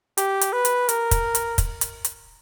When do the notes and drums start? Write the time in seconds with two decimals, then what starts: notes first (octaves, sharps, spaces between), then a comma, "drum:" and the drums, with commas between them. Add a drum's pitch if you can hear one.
0.18 G4, drum: hi-hat
0.41 drum: hi-hat
0.53 B4
0.65 drum: hi-hat
0.89 A#4, drum: hi-hat
1.11 drum: kick, hi-hat
1.35 drum: hi-hat
1.58 drum: kick, hi-hat
1.81 drum: hi-hat
2.05 drum: hi-hat